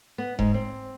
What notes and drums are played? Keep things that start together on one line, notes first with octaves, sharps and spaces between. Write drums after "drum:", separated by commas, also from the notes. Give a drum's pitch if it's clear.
B3
G#2, drum: kick F1
C4